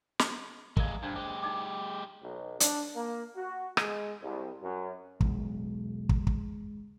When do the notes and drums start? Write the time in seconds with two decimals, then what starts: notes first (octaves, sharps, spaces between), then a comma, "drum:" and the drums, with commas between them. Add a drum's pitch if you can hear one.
0.19 drum: snare
0.77 G#3 A#3 A#4 D5, drum: kick
1.03 G2 D4 C5 D5
1.16 G#3 G4 C5
1.43 D#4 D5 D6
2.23 B1
2.60 D4, drum: hi-hat
2.95 A#3
3.36 F#4
3.77 G#3, drum: rim click
4.22 C2
4.63 F#2
5.21 E1 B1 G#3, drum: kick
6.09 drum: kick
6.27 drum: kick